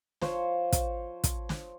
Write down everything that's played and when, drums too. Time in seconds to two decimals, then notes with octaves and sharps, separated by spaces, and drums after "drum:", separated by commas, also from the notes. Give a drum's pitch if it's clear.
0.21 F3 C5 C#5, drum: snare
0.73 drum: kick, hi-hat
1.24 drum: kick, hi-hat
1.49 drum: snare